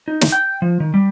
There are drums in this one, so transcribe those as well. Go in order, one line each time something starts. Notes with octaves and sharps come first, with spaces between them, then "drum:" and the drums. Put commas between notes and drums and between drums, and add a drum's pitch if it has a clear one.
D#4
drum: snare
G5
F3
D#3
G3